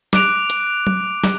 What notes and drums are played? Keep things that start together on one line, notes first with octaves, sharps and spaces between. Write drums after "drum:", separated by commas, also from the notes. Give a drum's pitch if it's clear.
D6 F#6 D7 F7, drum: snare
drum: hi-hat
drum: tom F#3
drum: snare